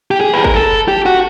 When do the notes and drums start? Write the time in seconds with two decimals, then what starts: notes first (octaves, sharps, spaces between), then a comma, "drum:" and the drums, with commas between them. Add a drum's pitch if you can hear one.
0.11 G4
0.21 G#4
0.34 B4
0.44 A#4, drum: kick
0.54 A4
0.88 G4
1.06 F#4